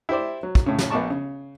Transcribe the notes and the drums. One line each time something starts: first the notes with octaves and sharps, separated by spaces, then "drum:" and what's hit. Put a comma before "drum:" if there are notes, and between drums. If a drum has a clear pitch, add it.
E4 G4 C5 D5
F#3
drum: kick
A2 C#3
drum: snare
A#1 B3 D5 A5 C#6
C#3